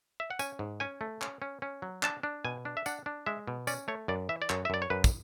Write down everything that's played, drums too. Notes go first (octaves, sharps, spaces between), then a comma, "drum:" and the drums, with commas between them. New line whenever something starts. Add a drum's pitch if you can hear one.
E5
F#5
C#4 G#5, drum: tambourine
G#2
C#4 G#5
A3
C#4, drum: clap
C#4
C#4
F#3
D4 A5, drum: clap
D4
B2 G#5
D4
E5
D4 F#5, drum: tambourine
D4
G#3 E5
B2
C#4 D5, drum: tambourine
A3 C#5
F#2 D5
E3 E5
D5
F#2 C#5, drum: clap
E5
F#2 D5
C#5
F#2 B4
drum: kick, tambourine